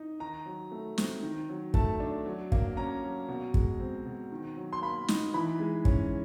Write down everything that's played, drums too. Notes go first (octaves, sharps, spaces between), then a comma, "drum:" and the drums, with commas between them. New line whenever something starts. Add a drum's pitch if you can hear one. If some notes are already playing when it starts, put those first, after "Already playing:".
Already playing: D#4
D#3 A#5
F#3
A3
C4, drum: snare
D#3
F#3
A3 A5, drum: kick
D4
F#3
A#3, drum: kick
C#4 A#5
F#3
B2
G#3, drum: kick
C4
B2
D#3
F#3
C6
A#3 B5
D#4, drum: snare
E3 B5
G#3
C#4, drum: kick